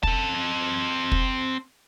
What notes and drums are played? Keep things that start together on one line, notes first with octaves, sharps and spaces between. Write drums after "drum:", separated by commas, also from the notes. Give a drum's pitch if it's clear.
C4 A5, drum: kick
drum: kick